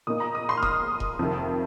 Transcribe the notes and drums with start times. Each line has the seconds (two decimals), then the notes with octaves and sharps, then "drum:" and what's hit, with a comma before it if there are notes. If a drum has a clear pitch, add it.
0.07 A#2 A#3 D#4 D#6
0.20 A#5
0.35 D#6
0.49 C6
0.57 F6
0.63 D#6, drum: kick E1
1.00 drum: kick E1
1.19 F2 C3 D#3